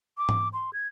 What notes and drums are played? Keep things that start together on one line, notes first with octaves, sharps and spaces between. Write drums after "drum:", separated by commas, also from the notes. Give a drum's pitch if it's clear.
D6
drum: tom G#2
C6
G#6